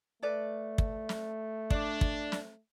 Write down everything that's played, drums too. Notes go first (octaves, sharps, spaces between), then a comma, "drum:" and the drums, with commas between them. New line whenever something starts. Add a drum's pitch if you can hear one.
A3 A4 B4 D5
drum: kick
drum: snare
D4, drum: kick
drum: kick
drum: snare